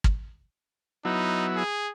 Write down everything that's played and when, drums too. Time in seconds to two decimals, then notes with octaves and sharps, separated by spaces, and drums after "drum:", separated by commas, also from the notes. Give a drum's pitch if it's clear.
0.04 drum: kick
1.05 F#3 B3 D#4 E4
1.56 G#4